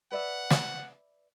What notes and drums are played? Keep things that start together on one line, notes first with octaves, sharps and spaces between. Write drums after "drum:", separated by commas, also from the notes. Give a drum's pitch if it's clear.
B4 D5 E5 F#5
drum: snare